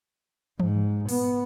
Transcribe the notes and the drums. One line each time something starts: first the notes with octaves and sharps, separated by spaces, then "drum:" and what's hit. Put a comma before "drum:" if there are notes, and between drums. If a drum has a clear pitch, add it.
G#2, drum: tom E3
B3, drum: open hi-hat